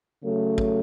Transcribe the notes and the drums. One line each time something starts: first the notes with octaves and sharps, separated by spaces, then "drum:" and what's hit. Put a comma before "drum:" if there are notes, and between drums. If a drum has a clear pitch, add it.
C#3 F#3 A3
drum: kick